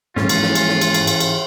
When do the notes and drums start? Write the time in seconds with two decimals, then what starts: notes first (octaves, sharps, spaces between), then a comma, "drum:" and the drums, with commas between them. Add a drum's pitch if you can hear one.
0.16 G#2 E3 F3 C#4 F4, drum: snare
0.29 drum: cymbal
0.42 drum: snare
0.55 drum: cymbal
0.68 drum: snare
0.81 drum: cymbal
0.94 drum: cymbal
1.07 drum: cymbal
1.20 drum: cymbal